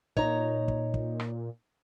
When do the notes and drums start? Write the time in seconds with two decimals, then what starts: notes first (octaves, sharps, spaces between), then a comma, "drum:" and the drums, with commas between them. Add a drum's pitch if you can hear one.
0.17 A#2 D#4 C#5 A#5, drum: kick
0.68 drum: kick
0.94 drum: kick
1.20 drum: rim click